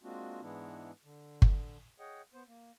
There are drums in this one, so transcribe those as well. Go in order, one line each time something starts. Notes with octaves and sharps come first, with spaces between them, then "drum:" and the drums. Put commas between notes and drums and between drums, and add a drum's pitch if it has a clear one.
G#3 A#3 C4 D4 F4 F#4
G#2 E3 G#3 B3 D4 E4
D3
drum: kick G1
G#4 C#5 D#5 F#5 G5
B3 C5
A#3